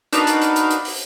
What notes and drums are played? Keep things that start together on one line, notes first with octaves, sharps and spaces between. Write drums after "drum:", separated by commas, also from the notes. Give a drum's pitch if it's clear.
D4 D#4 F#4 A#4 B4 F5, drum: hi-hat
drum: hi-hat
drum: hi-hat
drum: hi-hat
drum: hi-hat
drum: open hi-hat